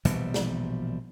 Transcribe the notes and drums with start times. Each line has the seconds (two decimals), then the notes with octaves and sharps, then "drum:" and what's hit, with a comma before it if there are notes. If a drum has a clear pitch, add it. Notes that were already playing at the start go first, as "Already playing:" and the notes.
0.05 A#1 B2 E3 G3, drum: hi-hat
0.34 drum: snare